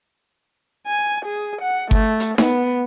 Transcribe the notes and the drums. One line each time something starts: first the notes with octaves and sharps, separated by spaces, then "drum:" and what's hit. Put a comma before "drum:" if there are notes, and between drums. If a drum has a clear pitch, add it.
G#5
G#4
F#5
A3, drum: kick G1
drum: hi-hat
B3, drum: snare D#4